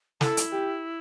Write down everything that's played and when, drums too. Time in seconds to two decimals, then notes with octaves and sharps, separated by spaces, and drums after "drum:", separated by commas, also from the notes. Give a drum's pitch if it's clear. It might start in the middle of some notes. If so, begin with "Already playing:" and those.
0.21 E4 A4, drum: snare
0.37 drum: hi-hat
0.52 G4